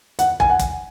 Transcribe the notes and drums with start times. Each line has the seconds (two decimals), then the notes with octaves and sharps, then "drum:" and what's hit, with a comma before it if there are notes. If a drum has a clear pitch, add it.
0.19 F#5, drum: hi-hat
0.40 G#5, drum: kick
0.50 F#5
0.59 drum: kick, hi-hat